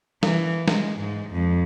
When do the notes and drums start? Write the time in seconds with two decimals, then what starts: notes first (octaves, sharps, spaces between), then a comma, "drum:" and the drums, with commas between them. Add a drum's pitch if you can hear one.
0.23 E3, drum: snare
0.68 G#3, drum: snare
1.00 G#2
1.31 F2